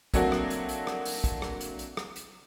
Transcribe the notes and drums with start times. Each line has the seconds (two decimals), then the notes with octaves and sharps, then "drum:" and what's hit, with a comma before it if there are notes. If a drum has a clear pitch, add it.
0.14 F#3 A3 A#3 C4 D4 F#4, drum: kick, hi-hat
0.32 drum: rim click
0.50 drum: hi-hat
0.69 drum: hi-hat
0.87 drum: rim click
1.05 drum: open hi-hat
1.24 drum: kick, hi-hat
1.42 drum: rim click
1.61 drum: hi-hat
1.79 drum: hi-hat
1.97 drum: rim click
2.16 drum: hi-hat